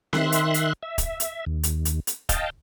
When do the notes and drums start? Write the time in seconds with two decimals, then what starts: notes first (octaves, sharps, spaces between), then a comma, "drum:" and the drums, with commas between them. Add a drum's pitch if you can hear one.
0.13 D#3 E5 C6 F#6, drum: snare C4
0.32 drum: hi-hat
0.54 drum: hi-hat
0.83 E5
0.98 drum: kick, hi-hat
1.20 drum: hi-hat
1.46 D#2
1.63 drum: hi-hat
1.85 drum: hi-hat
2.07 drum: hi-hat
2.29 D#5 F5 G5 A5, drum: kick, hi-hat